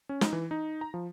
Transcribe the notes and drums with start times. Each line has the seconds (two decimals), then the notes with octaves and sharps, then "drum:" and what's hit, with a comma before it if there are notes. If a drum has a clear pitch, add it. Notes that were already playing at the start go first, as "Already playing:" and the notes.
0.09 C#4
0.21 D#4, drum: snare
0.33 E3
0.51 D#4
0.81 A#5
0.94 F3